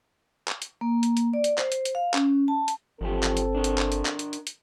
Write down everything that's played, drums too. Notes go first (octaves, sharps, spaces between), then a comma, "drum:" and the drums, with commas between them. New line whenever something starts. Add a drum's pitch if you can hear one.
drum: clap
drum: hi-hat
A#3
drum: hi-hat
drum: hi-hat
D5
drum: hi-hat
C5, drum: clap
drum: hi-hat
drum: hi-hat
F5
C#4, drum: clap
A5
drum: hi-hat
G1 E2 F3 C4 G4 A4
drum: clap
drum: hi-hat
D4 A#4
drum: hi-hat
drum: clap
drum: hi-hat
drum: clap
drum: hi-hat
drum: hi-hat
drum: hi-hat